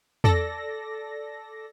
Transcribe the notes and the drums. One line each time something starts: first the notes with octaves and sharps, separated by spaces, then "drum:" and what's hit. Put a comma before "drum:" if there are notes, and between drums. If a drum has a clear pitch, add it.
A4 D5 A#6, drum: tom E2